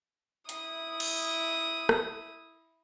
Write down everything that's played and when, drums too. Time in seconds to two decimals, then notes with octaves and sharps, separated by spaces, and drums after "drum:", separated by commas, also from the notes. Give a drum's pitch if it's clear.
0.49 E4 D#6, drum: hi-hat
1.00 drum: cymbal
1.89 drum: rim click